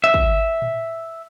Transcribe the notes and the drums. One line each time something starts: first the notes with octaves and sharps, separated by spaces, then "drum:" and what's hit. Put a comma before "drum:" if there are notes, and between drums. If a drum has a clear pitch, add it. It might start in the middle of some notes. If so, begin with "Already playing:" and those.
E5
drum: kick
drum: tom A2